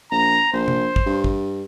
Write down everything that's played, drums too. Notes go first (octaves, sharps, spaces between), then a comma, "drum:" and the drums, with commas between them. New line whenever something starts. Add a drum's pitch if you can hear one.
A#1 A#5
A#1 C5
drum: tom C3
drum: kick
G2
drum: kick